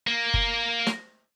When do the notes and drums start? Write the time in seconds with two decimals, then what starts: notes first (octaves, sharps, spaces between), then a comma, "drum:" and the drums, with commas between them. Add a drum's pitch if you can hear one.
0.07 A#3
0.34 drum: kick
0.87 drum: snare